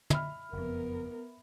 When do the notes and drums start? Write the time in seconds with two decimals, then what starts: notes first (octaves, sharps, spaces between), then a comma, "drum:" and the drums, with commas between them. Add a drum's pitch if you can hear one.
0.10 E5 B5 F6, drum: tom
0.53 F#1 F2 B3 A#4